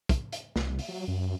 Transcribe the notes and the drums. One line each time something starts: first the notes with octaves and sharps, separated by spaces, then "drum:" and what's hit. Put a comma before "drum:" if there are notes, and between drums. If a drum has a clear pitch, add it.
drum: kick, hi-hat
drum: hi-hat
C2, drum: snare
drum: open hi-hat
F#3
F#2